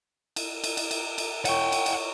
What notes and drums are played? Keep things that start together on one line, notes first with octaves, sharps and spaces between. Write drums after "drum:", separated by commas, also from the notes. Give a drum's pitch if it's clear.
drum: cymbal
drum: cymbal
drum: cymbal
drum: cymbal
drum: cymbal
C#5 F#5 G5 C#6, drum: cymbal
drum: cymbal
drum: cymbal